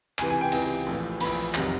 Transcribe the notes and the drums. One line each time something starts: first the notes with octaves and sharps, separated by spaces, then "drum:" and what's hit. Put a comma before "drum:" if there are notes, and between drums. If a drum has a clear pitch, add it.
C#2 C3 E3 G#5, drum: clap
G#5
G5
C#2 C3 E3, drum: cymbal
A#1 A2 E3
A#1 A2 E3 B5, drum: cymbal
F1 C3 D#3 F#3, drum: clap